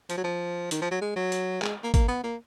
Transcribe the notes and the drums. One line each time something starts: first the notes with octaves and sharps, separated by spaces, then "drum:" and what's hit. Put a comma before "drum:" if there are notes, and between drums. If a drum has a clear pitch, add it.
F3, drum: hi-hat
F#3
F3
D#3, drum: hi-hat
F3
F#3
G#3
F#3
drum: hi-hat
G#3, drum: clap
A#3
A#3, drum: kick G#1, hi-hat
B3
A#3